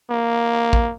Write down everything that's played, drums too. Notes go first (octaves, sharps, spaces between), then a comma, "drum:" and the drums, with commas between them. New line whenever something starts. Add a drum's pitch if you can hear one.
A#3
drum: kick